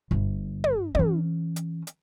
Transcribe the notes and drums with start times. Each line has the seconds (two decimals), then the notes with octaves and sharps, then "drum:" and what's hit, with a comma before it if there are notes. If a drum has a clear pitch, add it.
0.11 G1
0.64 drum: tom
0.95 E3 C#4, drum: tom
1.56 drum: hi-hat
1.87 drum: hi-hat